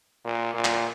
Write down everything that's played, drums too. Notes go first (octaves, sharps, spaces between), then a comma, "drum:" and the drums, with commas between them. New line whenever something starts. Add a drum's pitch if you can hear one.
A#2
A#2
drum: clap